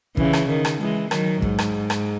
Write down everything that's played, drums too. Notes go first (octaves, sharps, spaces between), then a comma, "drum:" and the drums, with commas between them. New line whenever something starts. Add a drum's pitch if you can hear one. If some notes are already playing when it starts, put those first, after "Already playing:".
C#3 E3, drum: kick
drum: rim click
D#3
drum: rim click
E3 G#3
D#3 F#3, drum: rim click
G#2, drum: kick
drum: rim click
drum: rim click